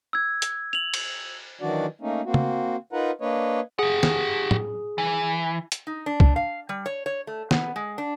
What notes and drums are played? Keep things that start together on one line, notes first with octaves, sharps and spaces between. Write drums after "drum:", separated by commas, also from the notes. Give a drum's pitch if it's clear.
E6 G#6
drum: hi-hat
F7 F#7
drum: cymbal
D#3 E3 F#3 D4 F#4 D5
A3 A#3 C#4 D#4
A#3 C4 F#4
drum: tom
D#4 F4 A#4 B4 F#5 A#5
A#3 D4 B4 C#5 D#5
G4 G#4 F#5
drum: snare
drum: tom
E3
drum: hi-hat
D#4
D4
drum: kick
F5
G3
C#5
C#5
A3
B3, drum: snare
G#3
D4